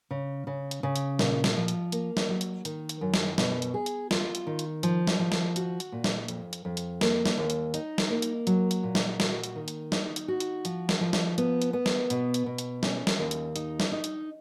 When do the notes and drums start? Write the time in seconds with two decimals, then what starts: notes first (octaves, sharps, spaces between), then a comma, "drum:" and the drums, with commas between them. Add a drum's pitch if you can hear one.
0.11 C#3
0.47 C#3
0.71 drum: hi-hat
0.83 C#3
0.96 drum: hi-hat
1.19 A#2, drum: snare
1.44 drum: snare
1.56 F3
1.68 drum: hi-hat
1.92 A#3, drum: hi-hat
2.17 drum: snare
2.29 F#3
2.41 drum: hi-hat
2.65 D#3, drum: hi-hat
2.89 drum: hi-hat
3.01 F#2
3.14 drum: snare
3.38 B2, drum: snare
3.62 drum: hi-hat
3.74 G#4
3.86 drum: hi-hat
4.11 F4, drum: snare
4.35 drum: hi-hat
4.47 D#3
4.59 drum: hi-hat
4.83 F3, drum: hi-hat
5.07 drum: snare
5.19 F3
5.32 drum: snare
5.56 F#4, drum: hi-hat
5.80 drum: hi-hat
5.92 A#2
6.04 drum: snare
6.28 F2, drum: hi-hat
6.53 drum: hi-hat
6.65 F2
6.77 drum: hi-hat
7.01 A#3, drum: snare
7.25 drum: snare
7.38 D#2
7.50 drum: hi-hat
7.74 D#4, drum: hi-hat
7.98 drum: snare
8.10 A#3
8.22 drum: hi-hat
8.47 F#3, drum: hi-hat
8.71 drum: hi-hat
8.83 A#2
8.95 drum: snare
9.20 F#4, drum: snare
9.44 drum: hi-hat
9.56 D#3
9.68 drum: hi-hat
9.92 D#4, drum: snare
10.16 drum: hi-hat
10.28 F#4
10.40 drum: hi-hat
10.65 F3, drum: hi-hat
10.89 drum: snare
11.01 F3
11.13 drum: snare
11.38 B3, drum: hi-hat
11.62 drum: hi-hat
11.73 B3
11.86 drum: snare
12.10 B2, drum: hi-hat
12.34 drum: hi-hat
12.46 B2
12.58 drum: hi-hat
12.83 C#4, drum: snare
13.07 drum: snare
13.19 D#2
13.31 drum: hi-hat
13.56 D#4, drum: hi-hat
13.80 drum: snare
13.92 D#4
14.04 drum: hi-hat